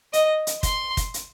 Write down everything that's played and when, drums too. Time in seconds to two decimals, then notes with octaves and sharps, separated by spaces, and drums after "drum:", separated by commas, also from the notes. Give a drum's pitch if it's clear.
0.13 D#5, drum: hi-hat
0.47 drum: hi-hat
0.63 C6, drum: kick, hi-hat
0.97 drum: kick, hi-hat
1.14 drum: hi-hat